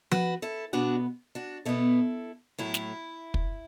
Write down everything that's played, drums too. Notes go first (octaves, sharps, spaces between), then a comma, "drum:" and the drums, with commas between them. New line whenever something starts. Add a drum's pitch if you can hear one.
F#4 B4, drum: tom F3
E4 A4
B2 B3 D4 F#4
D4 F#4
B2 B3 E4 A4
A2 F#3 A3 E4
drum: snare
drum: kick